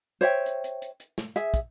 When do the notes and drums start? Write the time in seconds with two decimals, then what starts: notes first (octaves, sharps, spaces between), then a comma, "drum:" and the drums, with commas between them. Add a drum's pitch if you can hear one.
0.21 C5 C#5 E5 G5
0.46 drum: hi-hat
0.64 drum: hi-hat
0.82 drum: hi-hat
1.00 drum: hi-hat
1.18 drum: snare
1.36 G#4 E5, drum: hi-hat
1.54 drum: kick, hi-hat